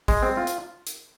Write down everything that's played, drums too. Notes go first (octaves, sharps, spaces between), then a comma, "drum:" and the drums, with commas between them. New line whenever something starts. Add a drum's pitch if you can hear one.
G#3, drum: kick, open hi-hat
C4
F4
drum: hi-hat
drum: hi-hat